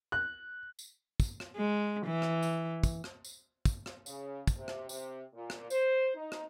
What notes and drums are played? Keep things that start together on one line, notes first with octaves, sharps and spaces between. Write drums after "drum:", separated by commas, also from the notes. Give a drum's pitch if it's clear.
F#6
drum: tambourine
drum: kick, tambourine
drum: rim click
G#3
E3
drum: rim click
drum: tambourine
drum: kick, tambourine
drum: rim click
drum: tambourine
drum: kick, tambourine
drum: rim click
C#3, drum: tambourine
drum: kick, tambourine
C3
drum: rim click
C3, drum: tambourine
A#2
drum: rim click
C5, drum: tambourine
D#4
drum: rim click